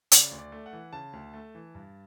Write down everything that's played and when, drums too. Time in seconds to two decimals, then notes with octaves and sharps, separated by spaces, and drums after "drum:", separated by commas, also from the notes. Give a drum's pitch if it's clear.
0.12 C#3 D5, drum: hi-hat
0.31 D2
0.38 D5
0.52 A3
0.66 F#5
0.73 E3
0.93 C#3 A5
1.13 D2
1.34 A3
1.55 E3
1.75 G2